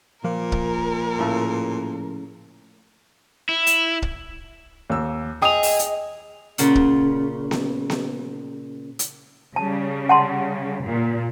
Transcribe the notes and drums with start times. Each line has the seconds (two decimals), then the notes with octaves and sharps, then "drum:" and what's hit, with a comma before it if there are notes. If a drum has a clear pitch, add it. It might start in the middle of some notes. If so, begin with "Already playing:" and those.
0.24 A#2 F3 A#3 A#4
0.52 drum: kick
1.19 A2 C#3 A4
3.49 E4
3.67 drum: hi-hat
4.02 drum: kick
4.90 D#2 E6
5.42 G#4 D#5 G5 D#6 F7
5.63 drum: open hi-hat
5.79 drum: hi-hat
6.58 A#2 C#3 F4 F#5, drum: hi-hat
6.75 drum: kick
7.51 drum: snare B3
7.90 drum: snare B3
8.99 drum: hi-hat
9.56 C#3 G3 A5
10.09 F#5 A5 C6
10.86 A#2